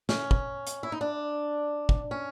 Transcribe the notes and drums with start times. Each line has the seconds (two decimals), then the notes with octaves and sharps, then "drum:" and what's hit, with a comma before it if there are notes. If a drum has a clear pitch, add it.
0.09 C#4, drum: snare
0.31 drum: kick
0.67 drum: hi-hat
0.83 E4
0.92 D#4
1.01 D4
1.89 drum: kick
2.11 C#4